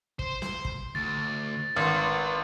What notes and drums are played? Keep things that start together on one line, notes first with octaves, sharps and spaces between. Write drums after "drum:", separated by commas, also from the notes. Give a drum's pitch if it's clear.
C5, drum: kick
drum: snare
drum: kick
D2 A6
G#1 B4 C6